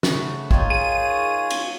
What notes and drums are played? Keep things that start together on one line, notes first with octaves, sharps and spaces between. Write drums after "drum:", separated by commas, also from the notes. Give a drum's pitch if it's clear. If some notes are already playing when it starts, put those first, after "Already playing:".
C#3 A3 F#4, drum: snare
D#3 D#4 F4 C#5, drum: kick
G#4 D#7
drum: cymbal